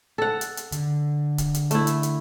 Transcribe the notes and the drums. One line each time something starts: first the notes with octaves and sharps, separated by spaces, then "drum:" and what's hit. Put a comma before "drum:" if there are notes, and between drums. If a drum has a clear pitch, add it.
A4 F#5
drum: hi-hat
drum: hi-hat
D3, drum: hi-hat
drum: kick C#1, hi-hat
drum: hi-hat
A3 E4, drum: hi-hat
drum: hi-hat
drum: hi-hat